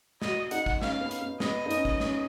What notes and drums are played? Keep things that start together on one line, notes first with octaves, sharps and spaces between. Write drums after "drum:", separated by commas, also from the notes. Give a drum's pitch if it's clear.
F#4 D#5, drum: snare
D#4 F#5, drum: hi-hat
drum: kick
C#4 F5, drum: snare
B3
drum: hi-hat
B3
B3 D#5, drum: snare
D#4
C#4, drum: hi-hat
drum: kick
C#4, drum: snare